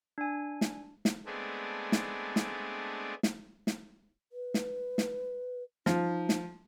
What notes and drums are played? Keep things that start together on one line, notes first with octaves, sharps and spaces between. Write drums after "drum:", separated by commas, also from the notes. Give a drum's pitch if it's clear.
D4 G#5
drum: snare
drum: snare
G#3 A3 B3 C4 D4 G#4
drum: snare
drum: snare
drum: snare
drum: snare
B4
drum: snare
drum: snare
F3 D#4, drum: snare
drum: snare